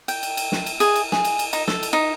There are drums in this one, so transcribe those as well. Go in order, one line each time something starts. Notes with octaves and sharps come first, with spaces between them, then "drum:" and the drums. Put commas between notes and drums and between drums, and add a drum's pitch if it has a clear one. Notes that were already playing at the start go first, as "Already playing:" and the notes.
G5, drum: cymbal
drum: cymbal
drum: cymbal
drum: snare
drum: cymbal
G#4, drum: cymbal
drum: cymbal
G#4, drum: snare
drum: cymbal
drum: cymbal
D#4, drum: cymbal
A4, drum: snare
drum: cymbal
D#4